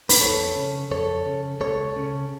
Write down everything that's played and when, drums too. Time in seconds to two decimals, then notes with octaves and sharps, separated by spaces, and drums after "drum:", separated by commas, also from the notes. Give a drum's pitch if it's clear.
0.09 B4, drum: open hi-hat
0.21 F2 A4 C#5
0.56 C#3
0.91 F2 A4 C#5
1.26 C#3
1.61 C#2 A4 C#5
1.96 C#3